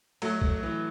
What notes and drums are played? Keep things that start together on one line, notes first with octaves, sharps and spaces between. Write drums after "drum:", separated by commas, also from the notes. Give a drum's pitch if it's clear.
F#3 A3, drum: cymbal
drum: kick B1
E3